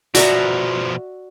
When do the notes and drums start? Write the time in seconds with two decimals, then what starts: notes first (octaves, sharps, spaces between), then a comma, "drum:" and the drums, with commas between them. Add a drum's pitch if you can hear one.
0.15 B2 F3 F#4 D5 E5 A#5, drum: hi-hat